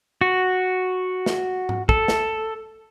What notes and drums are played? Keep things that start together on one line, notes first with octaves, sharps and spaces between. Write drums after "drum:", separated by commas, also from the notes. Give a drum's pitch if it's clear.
F#4
drum: snare
drum: tom G#2
A4, drum: kick
drum: snare